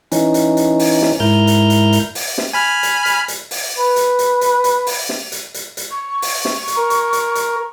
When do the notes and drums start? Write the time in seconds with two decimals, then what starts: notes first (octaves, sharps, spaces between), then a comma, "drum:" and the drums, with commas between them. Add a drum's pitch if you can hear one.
0.12 E3 C#4 D#4, drum: hi-hat
0.34 drum: hi-hat
0.57 drum: hi-hat
0.79 drum: open hi-hat
1.02 drum: snare
1.20 G#2 E4 A#4 F6 G6
1.47 drum: hi-hat
1.70 drum: hi-hat
1.92 drum: hi-hat
2.15 drum: open hi-hat
2.38 drum: snare
2.53 G#5 B5 F6
2.83 drum: hi-hat
3.06 drum: hi-hat
3.28 drum: hi-hat
3.51 drum: open hi-hat
3.78 B4
3.96 drum: hi-hat
4.19 drum: hi-hat
4.41 drum: hi-hat
4.64 drum: hi-hat
4.87 drum: open hi-hat
5.09 drum: snare
5.32 drum: hi-hat
5.54 drum: hi-hat
5.77 drum: hi-hat
5.91 C#6
6.22 drum: open hi-hat
6.45 drum: snare
6.67 drum: hi-hat
6.77 A#4
6.90 drum: hi-hat
7.13 drum: hi-hat
7.35 drum: hi-hat